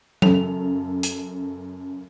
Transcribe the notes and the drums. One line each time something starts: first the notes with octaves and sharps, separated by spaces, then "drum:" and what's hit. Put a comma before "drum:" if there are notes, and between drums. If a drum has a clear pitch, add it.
F#2 C#3 A4 F7, drum: tom F#3
drum: hi-hat